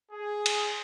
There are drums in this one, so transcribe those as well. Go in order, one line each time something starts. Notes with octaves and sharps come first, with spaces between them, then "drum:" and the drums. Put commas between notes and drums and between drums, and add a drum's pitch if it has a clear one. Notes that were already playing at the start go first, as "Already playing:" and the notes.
G#4
drum: cymbal